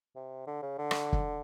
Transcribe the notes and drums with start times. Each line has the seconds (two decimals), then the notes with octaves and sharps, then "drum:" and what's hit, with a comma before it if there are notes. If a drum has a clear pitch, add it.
0.15 C3
0.47 D3
0.62 C#3
0.78 D3
0.91 drum: rim click
1.13 drum: kick